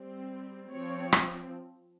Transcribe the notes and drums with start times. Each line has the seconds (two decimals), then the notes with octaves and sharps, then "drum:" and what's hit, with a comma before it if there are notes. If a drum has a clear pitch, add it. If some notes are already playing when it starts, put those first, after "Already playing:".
Already playing: G3 C4
0.71 F3 C4 C#5
1.13 drum: rim click